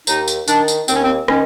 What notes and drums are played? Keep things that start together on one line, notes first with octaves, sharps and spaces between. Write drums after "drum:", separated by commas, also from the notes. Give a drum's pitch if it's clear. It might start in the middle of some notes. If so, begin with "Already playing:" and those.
D#2 D#4, drum: tambourine
drum: tambourine
D#3 D4, drum: tambourine
drum: tambourine
D#2 C4, drum: tambourine
C#4
C4
D#3 C#4, drum: rim click